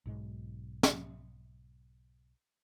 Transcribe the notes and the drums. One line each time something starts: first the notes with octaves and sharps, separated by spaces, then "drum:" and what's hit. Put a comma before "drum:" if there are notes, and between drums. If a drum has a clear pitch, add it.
B1 G#2 G#3
drum: snare